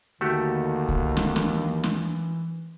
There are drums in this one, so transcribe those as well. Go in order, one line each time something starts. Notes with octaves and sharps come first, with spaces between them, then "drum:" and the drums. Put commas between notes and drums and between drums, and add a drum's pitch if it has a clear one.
D#2 D3 A3 F#4 G4
drum: kick C2
drum: snare
E3, drum: snare
drum: snare